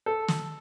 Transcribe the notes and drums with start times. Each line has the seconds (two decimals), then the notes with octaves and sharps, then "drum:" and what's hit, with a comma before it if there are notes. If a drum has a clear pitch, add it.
0.06 A4
0.28 drum: snare